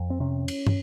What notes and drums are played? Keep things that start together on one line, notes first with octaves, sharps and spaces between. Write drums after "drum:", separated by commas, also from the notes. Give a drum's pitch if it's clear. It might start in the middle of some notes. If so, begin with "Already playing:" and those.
Already playing: F2
C4
C3 C#4
drum: cymbal
drum: tom